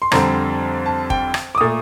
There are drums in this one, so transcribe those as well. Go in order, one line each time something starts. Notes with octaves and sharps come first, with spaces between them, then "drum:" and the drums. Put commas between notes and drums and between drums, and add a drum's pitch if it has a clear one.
C6
F2 D3 G3 C4 A#5, drum: rim click
A5
G5, drum: kick
drum: rim click
D6
A#2 A3 D#6